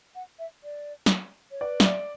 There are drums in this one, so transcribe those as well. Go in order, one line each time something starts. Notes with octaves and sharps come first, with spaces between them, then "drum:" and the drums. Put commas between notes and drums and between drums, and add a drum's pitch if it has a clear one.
F#5
E5
D5
drum: snare
C#5
B4 D5
E5, drum: snare
D5